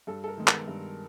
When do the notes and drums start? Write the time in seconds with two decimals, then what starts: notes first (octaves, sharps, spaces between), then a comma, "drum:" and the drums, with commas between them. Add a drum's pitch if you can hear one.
0.07 G2 A4
0.24 A4
0.28 A#4
0.37 D#3 G#3 B3
0.48 A#4, drum: clap
0.68 G2